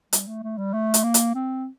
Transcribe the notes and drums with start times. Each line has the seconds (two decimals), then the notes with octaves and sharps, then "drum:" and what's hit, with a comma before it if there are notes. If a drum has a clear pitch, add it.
0.13 G3, drum: hi-hat
0.27 A3
0.43 A3
0.58 G3
0.73 A3
0.94 drum: hi-hat
1.03 A#3
1.14 drum: hi-hat
1.35 C4